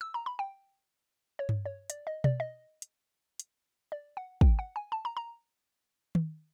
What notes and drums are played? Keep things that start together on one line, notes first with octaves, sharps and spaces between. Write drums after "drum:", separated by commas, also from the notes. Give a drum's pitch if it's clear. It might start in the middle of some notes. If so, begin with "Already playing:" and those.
E6
A#5
B5
G5
C#5
drum: tom G2
C#5
D5, drum: hi-hat
D#5
D5, drum: tom B2
D#5
drum: hi-hat
drum: hi-hat
D5
F#5
G5, drum: kick
F#5
G#5
A5
A#5
A#5
drum: tom D#3